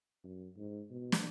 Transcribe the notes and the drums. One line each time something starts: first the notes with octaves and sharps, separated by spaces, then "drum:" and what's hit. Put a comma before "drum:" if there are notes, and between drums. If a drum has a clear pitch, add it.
F#2
G#2
B2
drum: snare